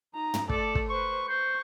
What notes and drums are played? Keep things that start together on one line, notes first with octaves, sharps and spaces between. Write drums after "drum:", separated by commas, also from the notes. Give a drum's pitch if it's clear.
D#4 A#5
drum: tom
A3 A4 D5, drum: kick
drum: kick
B4 C5 C#6
C5 C#6